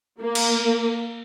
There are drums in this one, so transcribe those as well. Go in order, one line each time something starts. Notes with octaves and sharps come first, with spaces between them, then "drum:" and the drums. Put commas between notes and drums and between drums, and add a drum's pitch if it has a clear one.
A#3
drum: cymbal